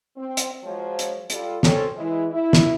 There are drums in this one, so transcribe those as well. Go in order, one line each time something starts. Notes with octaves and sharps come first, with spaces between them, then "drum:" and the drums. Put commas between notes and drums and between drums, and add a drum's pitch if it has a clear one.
C4
drum: hi-hat
F3 F#3 G#3 F4 C5 C#5
drum: hi-hat
G3 F4 A4, drum: hi-hat
C4 C#4 A4, drum: snare
E3 G#3 E4
E4
drum: snare